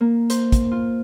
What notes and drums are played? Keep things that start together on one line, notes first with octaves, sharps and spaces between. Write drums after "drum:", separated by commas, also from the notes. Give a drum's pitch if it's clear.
A#3
C5, drum: hi-hat
drum: kick, hi-hat
F4